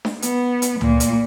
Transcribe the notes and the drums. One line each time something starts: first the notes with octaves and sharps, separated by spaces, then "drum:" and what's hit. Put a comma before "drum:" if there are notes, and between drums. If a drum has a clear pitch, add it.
drum: snare D4
B3, drum: hi-hat
drum: hi-hat
A#2, drum: tom
drum: hi-hat